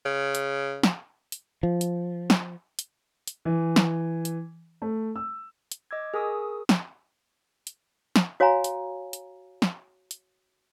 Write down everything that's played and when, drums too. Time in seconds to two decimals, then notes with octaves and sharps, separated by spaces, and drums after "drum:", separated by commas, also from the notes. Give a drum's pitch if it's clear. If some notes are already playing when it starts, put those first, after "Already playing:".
0.06 C#3
0.35 drum: hi-hat
0.83 drum: snare
1.32 drum: hi-hat
1.63 F3
1.81 drum: hi-hat
2.30 drum: snare
2.79 drum: hi-hat
3.27 drum: hi-hat
3.45 E3
3.76 drum: snare
4.25 drum: hi-hat
4.82 A3
5.16 E6
5.72 drum: hi-hat
5.91 D#5 D6 E6 G#6
6.14 G#4 A#4 G#5 C#6 D#6 E6
6.69 drum: snare
7.67 drum: hi-hat
8.16 drum: snare
8.40 F#4 C#5 F5 G#5 A#5
8.64 drum: hi-hat
9.13 drum: hi-hat
9.62 drum: snare
10.11 drum: hi-hat